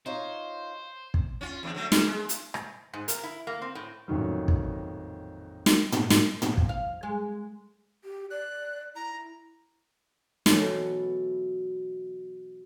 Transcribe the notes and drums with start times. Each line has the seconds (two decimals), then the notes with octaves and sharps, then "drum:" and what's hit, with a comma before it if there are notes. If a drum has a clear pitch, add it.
0.06 D#4 F4 C5 C#5
1.14 drum: kick
1.41 C#4 F4
1.63 E2 A2 D3
1.75 D3 F#3 A3
1.92 G#2 C#3 G#4, drum: snare
2.08 G#3
2.29 drum: hi-hat
2.54 drum: rim click
2.93 G#2
3.08 A#4, drum: hi-hat
3.23 E4
3.47 A#3
3.62 C4
3.75 A2
4.08 A1 F2 A#2 D#3 F#3
4.48 drum: kick
5.66 drum: snare
5.92 drum: tom
6.10 drum: snare
6.42 F3, drum: tom
6.57 drum: kick
6.69 F5
7.03 G#3
8.04 G4
8.30 D5 F#6
8.96 E4 A#5
10.46 B2 E3 F#3 A3 B3, drum: snare